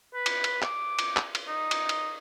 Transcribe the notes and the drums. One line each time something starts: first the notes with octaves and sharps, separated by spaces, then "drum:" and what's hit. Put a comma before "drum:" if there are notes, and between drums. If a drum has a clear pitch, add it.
B4
drum: cymbal
drum: cymbal
D6, drum: clap
drum: cymbal
drum: clap
drum: cymbal
D#4
drum: cymbal
drum: cymbal